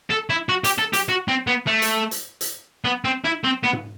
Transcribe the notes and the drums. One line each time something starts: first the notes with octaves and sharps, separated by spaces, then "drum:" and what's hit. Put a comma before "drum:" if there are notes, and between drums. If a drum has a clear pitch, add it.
A4
E4
F#4
G4, drum: hi-hat
A4
G4, drum: hi-hat
F#4
C4
B3
A3
drum: hi-hat
drum: hi-hat
drum: hi-hat
B3
C4
E4
C4
B3
drum: tom G#2